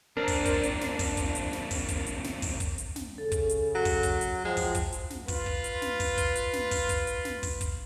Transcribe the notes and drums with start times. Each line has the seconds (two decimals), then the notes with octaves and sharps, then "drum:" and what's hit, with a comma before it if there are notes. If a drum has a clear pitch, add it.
0.17 D#2 C4 D4 A#4
0.28 drum: kick, open hi-hat
0.45 drum: kick, hi-hat
0.63 drum: hi-hat
0.81 drum: snare
0.99 drum: kick, open hi-hat
1.17 drum: kick, hi-hat
1.35 drum: hi-hat
1.53 drum: snare
1.71 drum: kick, open hi-hat
1.89 drum: kick, hi-hat
2.06 drum: hi-hat
2.24 drum: snare
2.42 drum: kick, open hi-hat
2.60 drum: kick, hi-hat
2.78 drum: hi-hat
2.96 drum: snare
3.18 C#3 A4
3.32 drum: kick, hi-hat
3.49 drum: hi-hat
3.75 F#3
3.85 drum: kick, open hi-hat
4.03 drum: kick, hi-hat
4.21 drum: hi-hat
4.45 F3 G#3 F#5 G5
4.57 drum: kick, open hi-hat
4.75 drum: kick, hi-hat
4.92 drum: hi-hat
5.10 drum: snare
5.28 F4 B4, drum: kick, open hi-hat
5.46 drum: kick
5.64 drum: hi-hat
5.82 drum: snare
6.00 drum: kick, open hi-hat
6.18 drum: kick, hi-hat
6.35 drum: hi-hat
6.53 drum: snare
6.71 drum: kick, open hi-hat
6.89 drum: kick, hi-hat
7.07 drum: hi-hat
7.25 drum: snare
7.43 drum: kick, open hi-hat
7.61 drum: kick, hi-hat